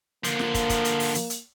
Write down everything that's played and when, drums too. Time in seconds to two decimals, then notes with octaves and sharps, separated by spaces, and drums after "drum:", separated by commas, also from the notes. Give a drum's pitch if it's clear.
0.24 D3 F3 A#3, drum: hi-hat
0.39 drum: snare
0.54 drum: kick, hi-hat
0.70 drum: kick, hi-hat
0.85 drum: hi-hat
1.00 drum: open hi-hat
1.15 drum: hi-hat
1.30 drum: hi-hat